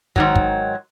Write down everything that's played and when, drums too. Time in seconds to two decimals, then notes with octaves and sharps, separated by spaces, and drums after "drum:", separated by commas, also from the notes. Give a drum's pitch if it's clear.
0.16 G#2 D#3 F#3, drum: kick
0.35 drum: kick